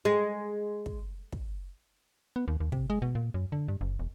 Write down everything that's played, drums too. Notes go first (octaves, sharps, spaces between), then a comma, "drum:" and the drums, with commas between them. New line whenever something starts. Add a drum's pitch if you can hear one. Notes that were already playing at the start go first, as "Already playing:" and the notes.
G#3
drum: kick
drum: kick
B3
D#2
D#2
C3, drum: kick
G#3
B2
A#2
F#2
D3
G2
F#1
E1